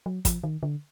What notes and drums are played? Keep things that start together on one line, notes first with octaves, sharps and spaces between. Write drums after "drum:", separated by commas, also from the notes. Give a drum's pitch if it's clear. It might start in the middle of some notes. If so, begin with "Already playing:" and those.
F#3
F3, drum: kick, hi-hat
D#3
D3